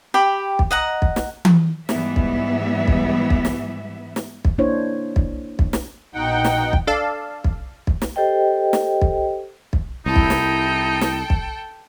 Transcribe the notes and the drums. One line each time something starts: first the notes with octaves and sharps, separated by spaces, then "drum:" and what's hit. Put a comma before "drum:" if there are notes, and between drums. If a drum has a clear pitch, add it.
G4 G5 B5
drum: kick
D#5 F#5 A#5
drum: kick
drum: snare
drum: tom E3
G#2 E3 G3 B3 E5, drum: snare
drum: kick
drum: kick
drum: kick
drum: snare
drum: snare
drum: kick
A#3 D4 E4 C5 C#5
drum: kick
drum: kick
drum: snare
A#1 B2 D#4 F#5 G5
drum: snare
drum: kick
D4 A4 D5 F5 A5
drum: kick
drum: kick
drum: snare
G4 A4 C5 D#5 G5
drum: snare
drum: kick
drum: kick
C2 D#4 E4 A4 G5
drum: kick
drum: snare
drum: snare
drum: kick